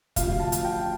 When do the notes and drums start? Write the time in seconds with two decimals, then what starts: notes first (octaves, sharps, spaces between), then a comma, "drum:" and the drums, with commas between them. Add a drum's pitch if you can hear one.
0.16 D2 C3 F3 F5, drum: kick, hi-hat
0.40 A5
0.52 drum: hi-hat
0.65 G5